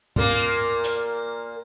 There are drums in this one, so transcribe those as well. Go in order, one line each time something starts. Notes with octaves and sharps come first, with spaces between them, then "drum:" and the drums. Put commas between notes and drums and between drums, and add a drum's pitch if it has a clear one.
A#2 A#3, drum: tom A#2
drum: hi-hat